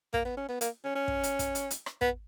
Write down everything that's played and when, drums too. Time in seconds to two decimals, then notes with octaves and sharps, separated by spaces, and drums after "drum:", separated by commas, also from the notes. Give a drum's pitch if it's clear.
0.14 A#3, drum: kick
0.25 B3
0.37 C#4
0.49 B3
0.61 A#3, drum: hi-hat
0.85 C#4
0.95 C#4
1.08 drum: kick
1.23 drum: hi-hat
1.39 drum: kick, hi-hat
1.55 drum: hi-hat
1.71 drum: hi-hat
1.86 drum: rim click
2.01 B3, drum: kick